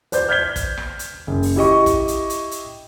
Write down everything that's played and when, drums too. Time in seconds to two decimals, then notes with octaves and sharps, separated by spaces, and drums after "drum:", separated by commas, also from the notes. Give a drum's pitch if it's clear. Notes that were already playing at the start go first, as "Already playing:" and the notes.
0.12 B4 C5 D5 G6, drum: hi-hat
0.29 F6 G6 G#6 B6 G7
0.56 drum: kick, hi-hat
0.77 drum: rim click
0.99 drum: hi-hat
1.27 F#1
1.43 drum: open hi-hat
1.56 E4 G4 D#5 C#6
1.86 drum: kick, hi-hat
2.08 drum: hi-hat
2.30 drum: hi-hat
2.51 drum: hi-hat